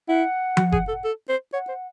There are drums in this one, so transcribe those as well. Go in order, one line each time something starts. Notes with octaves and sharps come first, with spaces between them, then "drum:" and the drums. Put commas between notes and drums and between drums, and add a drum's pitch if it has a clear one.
E4 F#5
F#4, drum: tom F3
G#4, drum: kick F#1
A4
A4
C5
C#5 F#5
C5